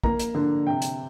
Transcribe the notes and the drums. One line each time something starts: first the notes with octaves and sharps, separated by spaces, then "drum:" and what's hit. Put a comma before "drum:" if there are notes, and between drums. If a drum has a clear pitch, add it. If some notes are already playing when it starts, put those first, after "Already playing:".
A#3 A#5, drum: kick
drum: hi-hat
D3
C3 G5
drum: hi-hat